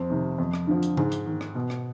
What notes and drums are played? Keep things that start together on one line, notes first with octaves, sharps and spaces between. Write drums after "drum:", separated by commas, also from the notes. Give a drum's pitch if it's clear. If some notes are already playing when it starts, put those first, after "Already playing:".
Already playing: F2 C4
C3 D#3
F2
drum: rim click
D3 F3
drum: hi-hat
G#2, drum: tom C#3
drum: hi-hat
D#3
drum: rim click
B2
drum: rim click